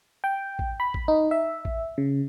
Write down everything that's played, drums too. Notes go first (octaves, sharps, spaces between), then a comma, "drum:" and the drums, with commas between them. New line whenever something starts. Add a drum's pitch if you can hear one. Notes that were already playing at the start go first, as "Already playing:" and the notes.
G5
drum: kick A1
B5
drum: kick A1
D#4
E5
drum: kick A1
C#3